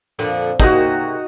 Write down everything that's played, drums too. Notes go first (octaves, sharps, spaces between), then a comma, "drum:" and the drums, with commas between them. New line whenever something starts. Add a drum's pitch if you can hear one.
F2 A#2 D3
C3 A#3 D#4 F#4 G#4, drum: kick